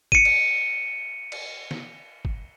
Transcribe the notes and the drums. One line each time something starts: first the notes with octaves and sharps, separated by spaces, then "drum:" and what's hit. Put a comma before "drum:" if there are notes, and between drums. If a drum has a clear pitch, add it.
C#7 D#7, drum: kick G1
drum: cymbal
drum: cymbal
drum: snare
drum: kick G1